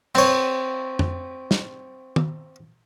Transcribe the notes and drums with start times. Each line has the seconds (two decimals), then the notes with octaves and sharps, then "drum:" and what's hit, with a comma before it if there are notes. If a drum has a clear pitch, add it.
0.15 C4 C#5, drum: cymbal
0.99 drum: tom F2
1.51 drum: snare
2.16 drum: tom